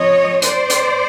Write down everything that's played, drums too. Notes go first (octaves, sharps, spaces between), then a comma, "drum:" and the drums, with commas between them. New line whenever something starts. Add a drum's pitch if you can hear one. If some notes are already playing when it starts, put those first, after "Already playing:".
Already playing: C#3 F3 A3 C4 C#5 D#5
C5 D5, drum: hi-hat
drum: hi-hat